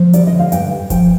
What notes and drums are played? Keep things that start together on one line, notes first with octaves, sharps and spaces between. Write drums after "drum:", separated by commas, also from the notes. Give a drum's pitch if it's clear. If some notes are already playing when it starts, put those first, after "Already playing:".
Already playing: F3
G3 D5, drum: hi-hat
D#5
D3
F5
G2 G5, drum: hi-hat
G2
F3 G5, drum: kick F1, hi-hat